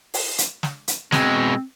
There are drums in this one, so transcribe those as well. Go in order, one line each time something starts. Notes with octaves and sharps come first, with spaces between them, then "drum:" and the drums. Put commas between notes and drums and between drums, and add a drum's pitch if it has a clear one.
drum: open hi-hat
drum: hi-hat
drum: snare
drum: hi-hat
B2 G#3 C4, drum: snare